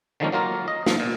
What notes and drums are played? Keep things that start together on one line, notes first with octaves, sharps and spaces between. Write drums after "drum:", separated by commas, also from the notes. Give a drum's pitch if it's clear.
D3 D#3 F3 G#3 A#3 C#4
F#3 A#3 F4 A#4
D#5
G2 F3, drum: snare
A#2